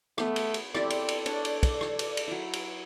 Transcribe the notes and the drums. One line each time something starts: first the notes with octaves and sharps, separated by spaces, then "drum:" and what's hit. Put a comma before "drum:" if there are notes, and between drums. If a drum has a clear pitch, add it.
A3 B3, drum: rim click
drum: cymbal
drum: cymbal
C4 E4 G4 A4 D5, drum: rim click
drum: cymbal
drum: cymbal
D4 C#5, drum: cymbal
drum: cymbal
drum: kick, cymbal
drum: rim click
drum: cymbal
drum: cymbal
F#3 E4
drum: cymbal